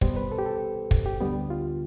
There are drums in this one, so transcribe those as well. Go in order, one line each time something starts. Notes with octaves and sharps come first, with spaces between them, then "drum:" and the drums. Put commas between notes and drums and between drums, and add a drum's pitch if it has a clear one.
C2 B2 G3 B3 C5, drum: kick
B4
A4
G4
A4
drum: kick
G4
D2 D3 G3 B3
F4